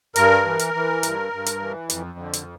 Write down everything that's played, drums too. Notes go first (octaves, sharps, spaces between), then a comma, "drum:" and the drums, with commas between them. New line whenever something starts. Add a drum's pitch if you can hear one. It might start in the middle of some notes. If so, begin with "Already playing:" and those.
G2 A#4, drum: hi-hat
E3
drum: hi-hat
E3
G2, drum: hi-hat
G2
drum: hi-hat
E3
F2, drum: hi-hat
D3
drum: hi-hat